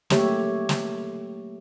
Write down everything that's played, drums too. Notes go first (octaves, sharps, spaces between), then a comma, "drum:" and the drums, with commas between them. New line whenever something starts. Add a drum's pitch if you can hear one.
F#3 A3 A#3 G4 C#5 E5, drum: snare
drum: snare